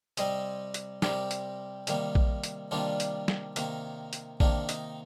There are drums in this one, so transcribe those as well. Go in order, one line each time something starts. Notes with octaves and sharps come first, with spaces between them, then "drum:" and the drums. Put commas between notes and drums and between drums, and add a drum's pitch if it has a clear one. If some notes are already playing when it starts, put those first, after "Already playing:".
C3 G3 C4 C5 D#5, drum: hi-hat
drum: hi-hat
C3 G3 C4 G4 A#4, drum: snare
drum: hi-hat
C3 D#3 G3 A#3, drum: hi-hat
drum: kick A#1
drum: hi-hat
C3 D#3 G3 A#3 D4 F4
drum: hi-hat
drum: snare
C3 D#3 A#3, drum: hi-hat
drum: hi-hat
C3 D#3 A#3 D4, drum: kick A#1
D#4, drum: hi-hat